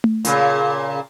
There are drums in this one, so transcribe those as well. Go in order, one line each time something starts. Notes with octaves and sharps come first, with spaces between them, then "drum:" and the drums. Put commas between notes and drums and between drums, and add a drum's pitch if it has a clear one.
drum: tom A3
A#2 C#3, drum: hi-hat